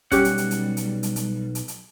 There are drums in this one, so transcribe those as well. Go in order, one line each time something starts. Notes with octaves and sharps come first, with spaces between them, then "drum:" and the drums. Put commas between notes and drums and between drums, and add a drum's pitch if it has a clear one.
B1 G3 C#4 G4 F#5, drum: kick, hi-hat
drum: hi-hat
drum: hi-hat
drum: hi-hat
drum: hi-hat
drum: hi-hat
drum: hi-hat
drum: hi-hat
drum: hi-hat